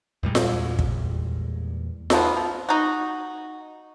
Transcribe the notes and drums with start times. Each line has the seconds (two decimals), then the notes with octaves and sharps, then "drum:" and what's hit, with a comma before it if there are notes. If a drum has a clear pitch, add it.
0.23 E2 A#2 G3 G#3
0.35 drum: snare F4
0.79 drum: kick
2.10 C3 D#3 F3 B3, drum: snare F4
2.37 F3
2.69 D#4 F#4